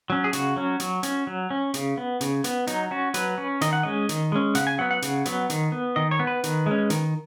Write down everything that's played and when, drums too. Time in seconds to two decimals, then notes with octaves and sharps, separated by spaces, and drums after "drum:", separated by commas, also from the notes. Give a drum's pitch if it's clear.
0.10 F#3 C#4
0.24 G#4
0.33 C#3 F#4, drum: hi-hat
0.56 F#3 C#4
0.80 F#3, drum: hi-hat
1.03 C#4, drum: hi-hat
1.27 F#3
1.50 C#4
1.74 C#3, drum: hi-hat
1.97 B3
2.21 C#3, drum: hi-hat
2.44 B3, drum: hi-hat
2.67 F#3 D#4, drum: hi-hat
2.91 C#4 F#4
3.14 F#3 B4, drum: hi-hat
3.38 C#4
3.61 D#3 D#5, drum: hi-hat
3.73 F#5
3.83 G#3 C#4 D#5
4.09 D#3, drum: hi-hat
4.32 G#3 C#4
4.55 C#3 F#5, drum: hi-hat
4.67 G#5
4.78 F#3 B3 F#5
4.91 F#5
5.02 C#3, drum: hi-hat
5.25 F#3 B3, drum: hi-hat
5.50 D#3, drum: hi-hat
5.72 B3
5.96 D#3 D#5
6.11 C#5
6.19 B3
6.27 B4
6.44 D#3, drum: hi-hat
6.66 G#3 C#4
6.90 D#3, drum: hi-hat